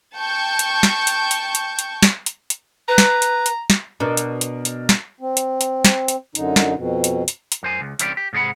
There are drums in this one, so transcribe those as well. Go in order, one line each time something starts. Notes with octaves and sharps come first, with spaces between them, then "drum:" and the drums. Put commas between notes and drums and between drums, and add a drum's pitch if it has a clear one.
G5 A5 C#6 G6
drum: hi-hat
drum: snare
drum: hi-hat
drum: hi-hat
drum: hi-hat
drum: hi-hat
drum: snare
drum: hi-hat
drum: hi-hat
B4 A#5
drum: snare
drum: hi-hat
drum: hi-hat
drum: snare
B2 D4 A#4
drum: hi-hat
drum: hi-hat
drum: hi-hat
drum: snare
C4
drum: hi-hat
drum: hi-hat
drum: snare
drum: hi-hat
F#2 D3 D#4, drum: hi-hat
drum: snare
F2 B2
drum: hi-hat
drum: hi-hat
drum: hi-hat
F#2 C5 G#5
C#2
C2 E3 C4 C#4 G4 D5, drum: hi-hat
G4
G#2 C3 G#4 D5 F#5 B5